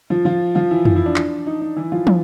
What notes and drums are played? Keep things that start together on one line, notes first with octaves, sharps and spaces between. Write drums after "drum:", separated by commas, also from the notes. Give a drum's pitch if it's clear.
F3 F4
F3 F4
F3 F4
E3 E4
E3 E4, drum: tom F2
E3 E4
D4
drum: clap
D#4
D#4
E3 E4
F3 F4
drum: tom